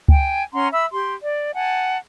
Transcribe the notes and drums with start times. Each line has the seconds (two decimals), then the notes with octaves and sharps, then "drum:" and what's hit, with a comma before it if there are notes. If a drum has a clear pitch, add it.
0.08 G5 G#5, drum: kick C#2
0.53 C#4 F#5 A#5 C6
0.72 E5 B5 E6
0.91 G4 C6
1.22 D5
1.54 F#5 G#5 A5